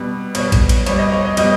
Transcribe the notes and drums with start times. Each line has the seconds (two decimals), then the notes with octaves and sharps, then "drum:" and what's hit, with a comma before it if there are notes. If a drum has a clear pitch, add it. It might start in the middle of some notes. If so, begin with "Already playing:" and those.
Already playing: B2 G3 B4
0.35 B2 G3 C#5, drum: cymbal
0.52 drum: kick A1, cymbal
0.69 drum: cymbal
0.86 B2 G3 C#5, drum: cymbal
0.99 D#5
1.12 C#5
1.25 D#5
1.37 B2 G3 D#5, drum: cymbal